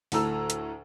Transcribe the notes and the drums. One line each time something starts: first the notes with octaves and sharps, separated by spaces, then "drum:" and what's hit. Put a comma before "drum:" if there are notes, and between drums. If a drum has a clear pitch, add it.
D2 A2 A4 A#5 E6, drum: open hi-hat
drum: hi-hat